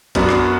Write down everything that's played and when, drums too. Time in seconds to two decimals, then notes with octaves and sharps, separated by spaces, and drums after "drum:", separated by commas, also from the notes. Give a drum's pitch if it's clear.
0.15 F#2 F#3 B3 D4 F#4, drum: kick A1, hi-hat
0.29 drum: rim click